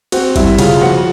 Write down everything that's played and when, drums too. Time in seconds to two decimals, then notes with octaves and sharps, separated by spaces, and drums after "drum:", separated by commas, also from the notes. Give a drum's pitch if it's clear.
0.12 C4 F#4 F#5, drum: cymbal
0.36 G2 E4 E5, drum: kick G#1, cymbal
0.58 C#3 F4 F5, drum: cymbal
0.81 F3 F#4 F#5